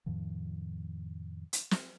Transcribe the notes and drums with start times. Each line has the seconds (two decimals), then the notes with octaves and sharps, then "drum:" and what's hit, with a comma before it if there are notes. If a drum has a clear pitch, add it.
0.06 F2 A2 D#3 F3
1.53 drum: hi-hat
1.71 drum: snare